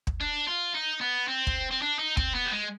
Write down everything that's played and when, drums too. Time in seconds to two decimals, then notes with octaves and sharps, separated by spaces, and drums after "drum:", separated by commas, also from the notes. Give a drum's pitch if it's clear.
0.07 drum: kick
0.21 D4
0.47 F4
0.74 D#4
1.01 B3
1.28 C4
1.47 drum: kick
1.71 C4
1.82 D4
1.99 D#4
2.17 C4, drum: kick
2.35 B3
2.46 G3
2.53 G#3